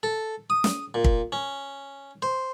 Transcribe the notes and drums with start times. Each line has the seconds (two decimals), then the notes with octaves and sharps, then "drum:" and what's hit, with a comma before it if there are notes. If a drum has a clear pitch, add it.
0.03 A4
0.50 D#6
0.64 drum: snare
0.94 A#2
1.04 drum: kick
1.32 C#4
2.22 C5